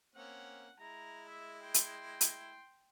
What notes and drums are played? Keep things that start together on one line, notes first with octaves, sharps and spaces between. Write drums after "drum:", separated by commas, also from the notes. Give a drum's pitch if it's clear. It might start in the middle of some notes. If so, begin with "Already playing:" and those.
A#3 C4 C#4 F#5
G#3 E4 A#5
E5
G5 C6
drum: hi-hat
drum: hi-hat